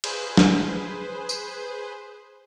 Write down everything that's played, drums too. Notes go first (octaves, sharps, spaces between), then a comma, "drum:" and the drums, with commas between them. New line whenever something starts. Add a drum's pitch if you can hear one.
G#4 B4 C5, drum: cymbal
drum: snare
drum: tambourine